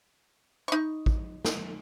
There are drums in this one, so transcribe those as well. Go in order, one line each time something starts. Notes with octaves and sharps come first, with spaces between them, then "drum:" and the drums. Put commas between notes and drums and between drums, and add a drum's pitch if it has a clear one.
D#4 C#6
drum: kick A1
drum: snare